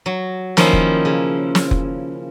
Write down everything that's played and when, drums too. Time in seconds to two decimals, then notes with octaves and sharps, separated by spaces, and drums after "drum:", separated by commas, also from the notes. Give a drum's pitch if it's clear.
0.06 F#3
0.57 D#3 F3 A#3 C#4 E4, drum: snare
0.73 drum: kick F1
1.05 C#3
1.55 drum: snare
1.71 drum: kick F1